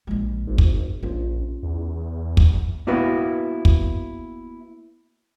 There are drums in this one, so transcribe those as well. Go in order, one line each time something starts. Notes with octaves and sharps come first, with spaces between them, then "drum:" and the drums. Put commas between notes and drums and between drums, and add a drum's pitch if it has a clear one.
A#1 G#3
G#1
drum: kick
A#1 C#4 F4
E2
drum: kick
A#3 B3 E4 F#4 B4
drum: kick